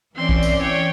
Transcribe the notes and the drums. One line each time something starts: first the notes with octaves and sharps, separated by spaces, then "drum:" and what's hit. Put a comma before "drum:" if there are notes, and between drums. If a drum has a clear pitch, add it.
E3 C4 C#4 D5 C6
drum: kick
drum: tambourine
C#5 G5